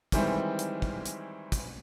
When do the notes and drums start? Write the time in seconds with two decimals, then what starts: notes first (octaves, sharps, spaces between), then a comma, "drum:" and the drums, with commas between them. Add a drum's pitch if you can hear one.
0.12 D#3 E3 G3 G#3 C4 E4, drum: kick, hi-hat
0.59 drum: hi-hat
0.82 drum: kick
1.06 drum: hi-hat
1.52 drum: kick, hi-hat